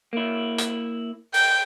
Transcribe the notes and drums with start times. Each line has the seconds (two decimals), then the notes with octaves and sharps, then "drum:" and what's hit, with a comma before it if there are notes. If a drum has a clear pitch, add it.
0.13 A#3 E4
0.58 drum: hi-hat
1.34 G5, drum: open hi-hat